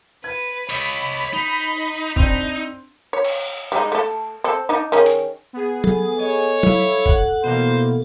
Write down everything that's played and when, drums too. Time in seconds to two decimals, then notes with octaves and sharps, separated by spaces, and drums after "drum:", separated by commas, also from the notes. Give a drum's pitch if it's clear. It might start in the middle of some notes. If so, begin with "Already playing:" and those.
0.24 B4 G#6
0.69 C#5 D#5 B5, drum: open hi-hat
1.33 D#4
2.16 C4 D4 D#4, drum: kick
3.13 C#5
3.25 drum: cymbal
3.72 G3 G#3 D#4
3.92 A3 A4
4.44 C4 A4
4.69 D4 D#4
4.92 D#3 C#4 G#4
5.06 drum: hi-hat
5.53 B3 G#4
5.84 A4, drum: tom F#3
6.19 C#5 D#5 G#5
6.63 E4 F5, drum: tom F#3
7.06 F#5 F#6, drum: kick
7.44 B2 E3 A#3 B3 C5 F5